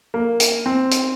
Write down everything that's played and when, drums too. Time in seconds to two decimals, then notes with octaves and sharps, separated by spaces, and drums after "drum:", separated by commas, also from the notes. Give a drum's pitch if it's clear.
0.14 A#3
0.40 drum: hi-hat
0.66 C4
0.91 drum: hi-hat